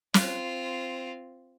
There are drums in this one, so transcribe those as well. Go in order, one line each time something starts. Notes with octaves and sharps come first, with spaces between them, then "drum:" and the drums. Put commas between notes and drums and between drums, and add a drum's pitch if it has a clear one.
C4 F4, drum: snare